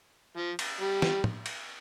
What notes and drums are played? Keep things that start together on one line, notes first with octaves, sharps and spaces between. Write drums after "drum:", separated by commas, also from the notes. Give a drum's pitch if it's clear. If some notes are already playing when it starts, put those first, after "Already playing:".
F3
drum: cymbal
G3
drum: snare
drum: tom
drum: cymbal